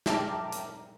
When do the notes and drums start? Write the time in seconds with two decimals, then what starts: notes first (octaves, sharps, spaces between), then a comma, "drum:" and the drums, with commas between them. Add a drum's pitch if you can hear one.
0.06 E5 G5 A5 A#5 D6 F6, drum: snare
0.52 drum: hi-hat